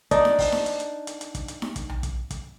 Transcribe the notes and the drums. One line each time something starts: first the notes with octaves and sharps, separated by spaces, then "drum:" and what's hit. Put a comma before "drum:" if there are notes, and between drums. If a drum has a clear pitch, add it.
D4 D#4 D5, drum: kick, hi-hat
drum: snare D#4
drum: kick, open hi-hat
drum: snare D#4
drum: hi-hat
drum: hi-hat
drum: hi-hat
drum: hi-hat
drum: kick, hi-hat
drum: hi-hat
drum: snare D#4
drum: kick, hi-hat
drum: tom B1
drum: kick, hi-hat
drum: kick, hi-hat